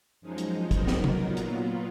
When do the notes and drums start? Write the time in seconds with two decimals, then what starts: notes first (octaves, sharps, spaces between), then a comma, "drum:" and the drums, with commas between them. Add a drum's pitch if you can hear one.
0.21 F#2 F3 G#3 D#4
0.38 drum: hi-hat
0.71 F#3 B3 D#4 A#4, drum: kick, hi-hat
0.87 drum: snare
1.04 drum: tom C3
1.20 A#2 F#3 B3 F4
1.37 drum: hi-hat